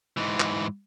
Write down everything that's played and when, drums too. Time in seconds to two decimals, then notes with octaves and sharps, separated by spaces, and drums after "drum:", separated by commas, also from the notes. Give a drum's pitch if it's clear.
0.17 G#2 E3
0.40 drum: clap